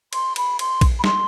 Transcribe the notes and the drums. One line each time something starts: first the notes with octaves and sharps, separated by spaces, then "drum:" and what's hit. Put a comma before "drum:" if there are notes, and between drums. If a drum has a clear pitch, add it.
C6, drum: cymbal
B5, drum: cymbal
C6, drum: cymbal
drum: kick A#1, cymbal
B5
C6, drum: snare